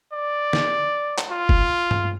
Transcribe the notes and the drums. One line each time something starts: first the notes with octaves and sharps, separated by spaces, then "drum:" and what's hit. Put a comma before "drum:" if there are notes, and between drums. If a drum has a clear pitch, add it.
D5
drum: snare
drum: clap
F4
drum: kick
drum: tom G2